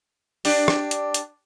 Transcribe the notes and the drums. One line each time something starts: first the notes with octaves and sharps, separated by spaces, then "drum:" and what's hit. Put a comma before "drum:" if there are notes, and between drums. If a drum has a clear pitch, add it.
D4 G4, drum: open hi-hat
drum: rim click
drum: hi-hat
drum: hi-hat